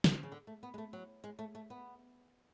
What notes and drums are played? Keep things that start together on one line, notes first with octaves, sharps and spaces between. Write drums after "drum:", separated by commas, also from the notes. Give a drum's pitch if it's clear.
drum: snare
C#3
D3
A3
B3
G#3
A3
F#3
G#3
A3
A3
B3